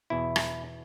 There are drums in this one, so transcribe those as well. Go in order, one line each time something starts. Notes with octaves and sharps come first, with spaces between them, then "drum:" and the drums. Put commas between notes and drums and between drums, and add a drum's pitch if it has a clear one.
E2 B2 E4
drum: rim click